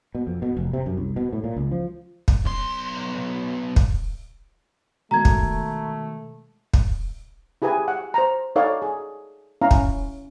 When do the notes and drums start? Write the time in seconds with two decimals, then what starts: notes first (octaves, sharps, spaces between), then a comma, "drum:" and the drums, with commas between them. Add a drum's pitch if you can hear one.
0.15 B2
0.27 F2
0.42 B2
0.57 F1
0.73 C3
0.86 F#2
0.97 C2
1.16 B2
1.33 A2
1.44 A#2
1.56 C#2
1.71 F3
2.28 drum: kick
2.45 B1 C6
3.76 drum: kick
5.11 B2 D#3 G#3 A3 A#5 G#6
5.25 drum: kick
6.74 drum: kick
7.62 E4 G4 G#4 B4 G#5
7.88 F#5
8.14 C5 A#5
8.56 D#4 A4 C#5 D5 F5 F#5
8.82 G#4
9.62 C#4 E4 F5 A#5
9.71 drum: kick